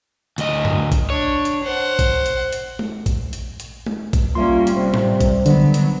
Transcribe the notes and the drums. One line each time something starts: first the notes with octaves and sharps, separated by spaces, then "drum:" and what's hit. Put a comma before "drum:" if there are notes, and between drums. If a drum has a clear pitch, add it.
D2 D#5, drum: hi-hat
drum: tom F#2
drum: kick A#1, hi-hat
D4 C#5
drum: hi-hat
C5 F#5
drum: kick A#1, hi-hat
drum: hi-hat
drum: hi-hat
drum: tom G#3
drum: kick A#1, hi-hat
drum: hi-hat
drum: hi-hat
drum: tom G#3
drum: kick A#1, hi-hat
G3 A#3 C#4 F4 E5 F5 C6
drum: hi-hat
C3 C5
drum: tom A2
drum: kick A#1, hi-hat
D3 F#3 B3, drum: hi-hat
drum: hi-hat